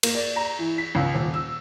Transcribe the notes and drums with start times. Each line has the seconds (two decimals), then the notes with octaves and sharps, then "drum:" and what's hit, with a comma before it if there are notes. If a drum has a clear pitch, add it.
0.03 A#3, drum: cymbal
0.15 D5
0.36 A#5
0.59 E3
0.78 B6
0.95 C#2
1.14 D#1
1.34 E6